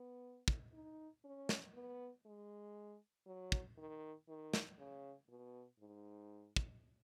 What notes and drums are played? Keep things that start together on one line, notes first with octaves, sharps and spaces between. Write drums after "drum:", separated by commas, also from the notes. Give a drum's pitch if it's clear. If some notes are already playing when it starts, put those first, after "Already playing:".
Already playing: B3
drum: kick
D#4
C#4
drum: snare
B3
G#3
F#3
drum: kick
D#3
D#3
drum: snare
C#3
B2
G#2
drum: kick